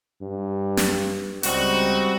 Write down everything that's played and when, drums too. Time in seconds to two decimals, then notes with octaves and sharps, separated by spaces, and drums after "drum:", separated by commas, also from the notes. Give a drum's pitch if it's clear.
0.22 G2
0.77 drum: snare
1.43 C#2 G3 C4 D#4 F#4, drum: hi-hat